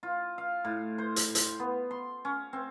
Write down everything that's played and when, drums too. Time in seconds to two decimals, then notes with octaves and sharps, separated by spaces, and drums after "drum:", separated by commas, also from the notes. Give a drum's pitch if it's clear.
0.03 F4
0.38 F5
0.65 A2
0.98 C5
1.16 drum: hi-hat
1.35 drum: hi-hat
1.60 B3
1.91 C6
2.25 C#4
2.53 C4